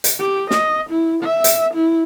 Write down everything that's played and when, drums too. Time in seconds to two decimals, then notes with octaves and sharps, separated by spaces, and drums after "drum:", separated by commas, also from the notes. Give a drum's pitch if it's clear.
0.04 drum: hi-hat
0.20 G4
0.51 D#5, drum: snare
0.90 E4
1.24 E5
1.44 drum: hi-hat
1.74 E4